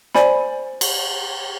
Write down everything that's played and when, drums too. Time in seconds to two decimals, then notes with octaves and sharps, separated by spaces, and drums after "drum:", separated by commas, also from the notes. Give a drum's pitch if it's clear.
0.15 C5 D5 G#5 B5, drum: snare
0.81 drum: cymbal